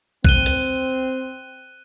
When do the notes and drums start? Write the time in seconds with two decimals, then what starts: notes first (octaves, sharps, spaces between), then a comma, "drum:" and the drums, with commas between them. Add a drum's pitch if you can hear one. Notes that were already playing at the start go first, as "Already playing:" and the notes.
0.25 C4 F#6 D#7 G7, drum: kick A#1
0.46 drum: hi-hat